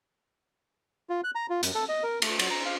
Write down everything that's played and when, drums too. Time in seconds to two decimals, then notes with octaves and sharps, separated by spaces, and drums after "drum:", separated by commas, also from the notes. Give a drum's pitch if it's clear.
1.10 F4
1.24 F#6
1.35 A#5
1.50 F4
1.63 F#2, drum: hi-hat
1.75 A4
1.89 D#5
2.03 A#4
2.22 A3, drum: cymbal
2.39 F#3, drum: cymbal
2.51 A#5
2.65 F5